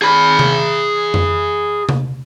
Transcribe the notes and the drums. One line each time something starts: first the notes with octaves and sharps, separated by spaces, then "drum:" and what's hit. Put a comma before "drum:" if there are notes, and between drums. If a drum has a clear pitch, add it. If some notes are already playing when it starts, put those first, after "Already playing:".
G#4 B5
drum: tom C3
drum: tom F2
drum: tom C3